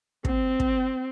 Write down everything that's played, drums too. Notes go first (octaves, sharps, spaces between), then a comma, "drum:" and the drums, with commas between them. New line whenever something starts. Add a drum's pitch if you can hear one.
C4, drum: kick
drum: kick